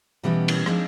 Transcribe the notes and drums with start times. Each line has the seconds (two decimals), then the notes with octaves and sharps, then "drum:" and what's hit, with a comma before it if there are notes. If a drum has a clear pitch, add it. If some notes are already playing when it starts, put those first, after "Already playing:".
0.23 B2 E3 G3 B3 C#4
0.48 drum: cymbal
0.66 F3 G#3 C4 D4 D#4, drum: rim click